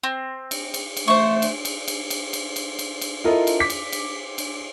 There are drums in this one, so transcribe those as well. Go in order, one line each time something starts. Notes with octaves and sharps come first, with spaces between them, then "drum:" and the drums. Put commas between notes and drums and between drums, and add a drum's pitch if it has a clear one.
C4
drum: cymbal
drum: cymbal
drum: cymbal
A3 C5 C#6
drum: cymbal
drum: cymbal
drum: cymbal
drum: cymbal
drum: cymbal
drum: cymbal
drum: cymbal
drum: cymbal
E4 F4 A4 A#4 D#5
drum: cymbal
D6 B6
drum: cymbal
drum: cymbal
drum: cymbal